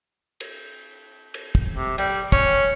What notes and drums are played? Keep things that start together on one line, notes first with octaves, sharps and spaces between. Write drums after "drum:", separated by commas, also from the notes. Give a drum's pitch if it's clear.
drum: cymbal
drum: cymbal
drum: kick
C3
G3, drum: cymbal
C#4, drum: kick